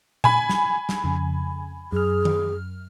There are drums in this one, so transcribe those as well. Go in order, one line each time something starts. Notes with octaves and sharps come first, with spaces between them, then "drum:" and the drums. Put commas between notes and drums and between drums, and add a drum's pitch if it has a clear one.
G#5 B5, drum: tom A#2
drum: snare
drum: snare
F2 C#3
F#2 G#4 F6
drum: tom D#3